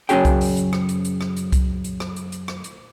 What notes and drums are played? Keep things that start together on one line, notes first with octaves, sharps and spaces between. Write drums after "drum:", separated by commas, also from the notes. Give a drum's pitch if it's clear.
F#2 C#3 C#4 F#4 G#4 G5, drum: hi-hat
drum: kick C2, hi-hat
drum: open hi-hat
drum: hi-hat
drum: rim click
drum: hi-hat
drum: hi-hat
drum: rim click
drum: hi-hat
drum: kick C2, hi-hat
drum: hi-hat
drum: rim click
drum: hi-hat
drum: hi-hat
drum: rim click
drum: hi-hat